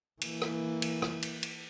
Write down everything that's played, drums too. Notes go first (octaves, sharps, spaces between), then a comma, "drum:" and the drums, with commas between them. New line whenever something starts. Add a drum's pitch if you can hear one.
E3 A#3, drum: cymbal
drum: rim click
drum: cymbal
drum: rim click
drum: cymbal
drum: cymbal